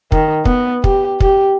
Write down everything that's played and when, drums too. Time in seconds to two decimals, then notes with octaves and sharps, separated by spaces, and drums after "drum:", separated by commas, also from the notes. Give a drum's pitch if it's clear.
0.12 D#3, drum: kick
0.45 B3, drum: kick
0.84 G4, drum: kick
1.20 G4, drum: kick